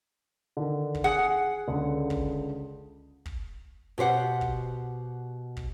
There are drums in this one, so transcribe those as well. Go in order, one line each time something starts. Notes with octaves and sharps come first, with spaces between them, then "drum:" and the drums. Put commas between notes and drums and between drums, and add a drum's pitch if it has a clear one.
D3 D#3
drum: kick
G#4 F#5
C#2 D3
drum: kick
drum: kick
B2 G4 C5 F#5
drum: kick
drum: kick